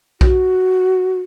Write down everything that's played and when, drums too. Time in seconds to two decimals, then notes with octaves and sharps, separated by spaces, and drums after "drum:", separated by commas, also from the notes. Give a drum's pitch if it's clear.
0.21 F#4, drum: kick